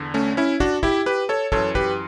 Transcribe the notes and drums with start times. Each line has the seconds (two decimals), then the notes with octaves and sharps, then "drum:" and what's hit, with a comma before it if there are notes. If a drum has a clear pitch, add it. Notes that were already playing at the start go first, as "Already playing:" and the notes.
Already playing: E2 D3
0.14 A3 C#4
0.37 C#4 E4
0.60 D4 F#4, drum: kick
0.83 E4 G4, drum: kick
1.06 G4 B4
1.29 A4 C#5
1.52 F#2 E3 A4 C#5, drum: kick
1.75 G4 B4, drum: kick